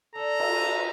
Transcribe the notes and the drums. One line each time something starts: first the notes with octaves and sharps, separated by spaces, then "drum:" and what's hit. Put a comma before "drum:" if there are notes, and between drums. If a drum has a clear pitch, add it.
A3 D4 A4 A#5
drum: cymbal